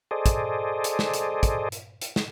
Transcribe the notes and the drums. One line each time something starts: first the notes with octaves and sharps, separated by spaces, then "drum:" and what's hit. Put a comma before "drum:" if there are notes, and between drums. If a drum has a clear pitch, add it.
G#4 A4 C5 D5 D#5
drum: kick, hi-hat
drum: hi-hat
drum: snare
drum: hi-hat
drum: kick, hi-hat
drum: hi-hat
drum: hi-hat
drum: snare